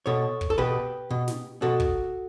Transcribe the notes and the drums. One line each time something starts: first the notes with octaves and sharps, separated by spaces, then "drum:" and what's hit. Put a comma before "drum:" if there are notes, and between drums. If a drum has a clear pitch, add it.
B2 A4 C#5
drum: kick
A4
B2 G4 B4
B2
drum: snare
B2 F#4 A4
drum: kick